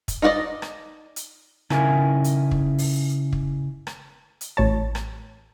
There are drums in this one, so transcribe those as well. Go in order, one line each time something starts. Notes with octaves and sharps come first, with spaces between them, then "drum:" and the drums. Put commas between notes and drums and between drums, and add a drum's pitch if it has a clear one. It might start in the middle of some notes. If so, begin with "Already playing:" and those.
drum: kick, hi-hat
D#4 F4 F#4 D5 D#5
drum: rim click
drum: hi-hat
C#3 C#4 D#4 E4 A#4 G#5, drum: rim click
drum: hi-hat
drum: kick
drum: open hi-hat
drum: kick
drum: rim click
drum: hi-hat
A1 C#5 A5
drum: rim click